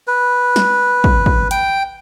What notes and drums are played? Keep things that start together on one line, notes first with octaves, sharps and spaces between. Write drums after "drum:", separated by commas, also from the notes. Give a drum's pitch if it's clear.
B4
drum: snare
drum: kick
drum: kick
G5, drum: hi-hat